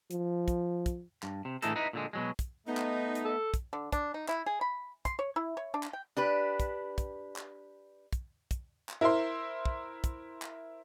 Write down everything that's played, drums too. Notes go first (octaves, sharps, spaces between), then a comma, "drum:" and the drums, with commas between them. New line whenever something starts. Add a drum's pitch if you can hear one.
F3, drum: hi-hat
drum: kick, hi-hat
drum: kick, hi-hat
G2, drum: clap
C3
A2 D3 E3 G#3 D#4 A4, drum: hi-hat
D#4 E4 B4
A#2 D3 G#3
B2 F#3 G#3
drum: kick, hi-hat
A3 B3 D#4
drum: clap
drum: hi-hat
A4
drum: kick, hi-hat
D3
D4, drum: kick, hi-hat
D#4
E4, drum: clap
G#4
B5
C6, drum: kick, hi-hat
C#5
E4
C#5
D4
drum: clap
G5
D4 G4 B4
drum: kick, hi-hat
drum: kick, hi-hat
drum: clap
drum: kick, hi-hat
drum: kick, hi-hat
drum: clap
E4 A#4 C5 E5 C6
drum: kick
drum: kick, hi-hat
drum: clap